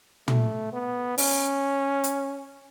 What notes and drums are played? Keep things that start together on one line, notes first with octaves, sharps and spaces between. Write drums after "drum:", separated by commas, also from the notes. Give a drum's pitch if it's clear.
A3, drum: tom
B3
C#4, drum: open hi-hat
drum: hi-hat